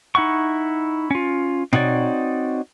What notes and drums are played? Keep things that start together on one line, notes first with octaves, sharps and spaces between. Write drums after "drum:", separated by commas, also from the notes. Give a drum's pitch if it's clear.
D#4 E4 F#5 C#6
C#4 F4
C4 D#4 F#4 C#5 D5, drum: tom B2